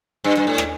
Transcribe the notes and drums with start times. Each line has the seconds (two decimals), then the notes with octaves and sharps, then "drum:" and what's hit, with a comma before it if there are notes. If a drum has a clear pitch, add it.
0.24 G2
0.37 G2
0.47 A2
0.58 drum: rim click